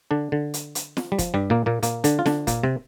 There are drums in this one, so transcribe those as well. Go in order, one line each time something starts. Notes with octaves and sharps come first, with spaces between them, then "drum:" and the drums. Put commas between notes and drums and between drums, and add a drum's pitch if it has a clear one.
D3 D4
D3
drum: hi-hat
drum: hi-hat
drum: snare
G3
F3, drum: kick, hi-hat
G2 G3
A#2 A#3
A#2 A#3
A#2 A#3, drum: hi-hat
D3 D4, drum: hi-hat
F4
D3 D4, drum: snare
A#2 A#3, drum: kick, hi-hat
C3 C4